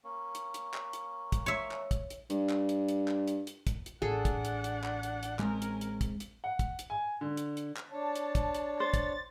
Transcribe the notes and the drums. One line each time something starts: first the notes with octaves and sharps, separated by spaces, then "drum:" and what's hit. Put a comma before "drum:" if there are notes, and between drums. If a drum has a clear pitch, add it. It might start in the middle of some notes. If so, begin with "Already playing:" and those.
A#3 C#4
drum: hi-hat
drum: hi-hat
drum: clap
drum: hi-hat
drum: kick, hi-hat
C#5 E5
drum: clap
drum: kick, hi-hat
drum: hi-hat
G2, drum: hi-hat
drum: clap
drum: hi-hat
drum: hi-hat
drum: clap
drum: hi-hat
drum: hi-hat
drum: kick, hi-hat
drum: hi-hat
A1 D4 G#4 A4 F#5
drum: kick, hi-hat
drum: hi-hat
drum: hi-hat
drum: clap
drum: hi-hat
drum: hi-hat
G#3 C4 C#4 A#4, drum: clap
drum: hi-hat
drum: hi-hat
drum: kick, hi-hat
drum: hi-hat
F#5
drum: kick, hi-hat
drum: hi-hat
G#5
D3
drum: hi-hat
drum: hi-hat
drum: clap
D4 C#5 A5
drum: hi-hat
drum: kick, hi-hat
drum: hi-hat
C5 A6
drum: kick, hi-hat